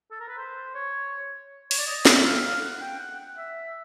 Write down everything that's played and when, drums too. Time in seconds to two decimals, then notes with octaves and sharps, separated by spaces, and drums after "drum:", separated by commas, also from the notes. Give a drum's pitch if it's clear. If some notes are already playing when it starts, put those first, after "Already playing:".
0.11 A4
0.20 A#4
0.28 B4
0.37 C5
0.75 C#5
1.71 C#5, drum: open hi-hat
1.78 D5
1.87 D#5
2.05 E5, drum: snare
2.24 F5
2.43 F5
2.62 F#5
2.81 G5
3.00 F#5
3.37 E5